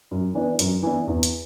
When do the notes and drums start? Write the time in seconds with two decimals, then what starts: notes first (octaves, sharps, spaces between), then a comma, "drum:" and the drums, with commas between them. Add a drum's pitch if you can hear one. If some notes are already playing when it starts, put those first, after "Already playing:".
0.11 F#2
0.34 E3 B3 D4
0.59 F#2, drum: hi-hat
0.82 E3 B3 D4
1.07 E2
1.23 drum: hi-hat